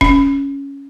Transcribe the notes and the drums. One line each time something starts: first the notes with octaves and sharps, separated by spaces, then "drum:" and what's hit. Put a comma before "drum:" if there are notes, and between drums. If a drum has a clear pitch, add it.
C#4, drum: kick D#1